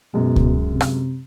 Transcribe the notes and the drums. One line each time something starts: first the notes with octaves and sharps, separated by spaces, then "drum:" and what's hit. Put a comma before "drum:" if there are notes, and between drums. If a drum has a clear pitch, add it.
F#2 B2 G#3
drum: kick C#2
C3
drum: rim click